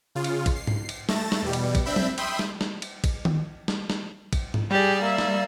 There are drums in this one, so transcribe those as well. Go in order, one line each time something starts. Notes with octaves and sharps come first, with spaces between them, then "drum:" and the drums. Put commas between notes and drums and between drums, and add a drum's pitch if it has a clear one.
C#3 F4
drum: cymbal
drum: kick, cymbal
C7
drum: tom G#2
drum: cymbal
A3 A6 A#6 E7, drum: snare
drum: snare
E2 B2 G3
drum: cymbal
drum: kick, cymbal
C4 D4 E5 B5 G6
drum: tom
E5 G5 B5 C6 D#6, drum: cymbal
drum: snare
drum: snare
drum: cymbal
drum: kick, cymbal
drum: tom D#3
drum: snare
drum: snare
drum: kick, cymbal
drum: tom G#2
G3 G4 G#4 D5
A#3 E5
drum: snare